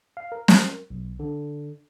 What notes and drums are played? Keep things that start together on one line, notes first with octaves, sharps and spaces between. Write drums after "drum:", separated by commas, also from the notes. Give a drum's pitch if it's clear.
F5
A#4
drum: snare
B1
D3